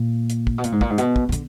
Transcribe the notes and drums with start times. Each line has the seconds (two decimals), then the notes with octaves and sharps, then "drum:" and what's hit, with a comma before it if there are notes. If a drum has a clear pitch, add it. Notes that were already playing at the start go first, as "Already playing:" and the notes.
Already playing: A#2
0.30 drum: hi-hat
0.47 drum: kick
0.58 B2
0.64 A#2, drum: hi-hat
0.72 G#2
0.81 A#2, drum: kick
0.90 G#2
0.98 B2, drum: hi-hat
1.16 drum: kick
1.29 B2
1.32 D3, drum: hi-hat